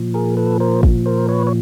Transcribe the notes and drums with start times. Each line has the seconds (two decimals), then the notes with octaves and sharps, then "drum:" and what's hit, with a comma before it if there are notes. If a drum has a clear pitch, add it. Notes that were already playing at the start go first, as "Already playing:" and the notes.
Already playing: A#2 F3
0.14 G#4 A#4
0.37 A4 B4
0.60 A#4 C5
0.83 drum: kick
1.06 A#4 C5
1.28 B4 C#5
1.47 C#5